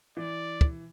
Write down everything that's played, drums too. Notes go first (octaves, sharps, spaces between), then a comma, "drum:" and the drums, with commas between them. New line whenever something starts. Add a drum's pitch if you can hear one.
E3 D5
drum: kick